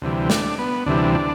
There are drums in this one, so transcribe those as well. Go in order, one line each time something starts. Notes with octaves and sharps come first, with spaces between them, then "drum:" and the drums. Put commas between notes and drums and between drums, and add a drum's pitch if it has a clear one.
D2 C3 E3 G3
D4, drum: snare
B3
D2 C3 E3 G3 D4
D4